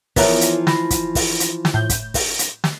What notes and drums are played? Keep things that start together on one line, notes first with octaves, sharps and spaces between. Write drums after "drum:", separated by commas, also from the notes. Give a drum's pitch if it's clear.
E3 F3 B3 F4 A#4 C#5 E5, drum: kick, open hi-hat
drum: hi-hat
B5 A#6, drum: snare
drum: kick, hi-hat
drum: kick, open hi-hat
drum: hi-hat
drum: snare
A2 G6
drum: kick, hi-hat
drum: kick, open hi-hat
drum: hi-hat
drum: snare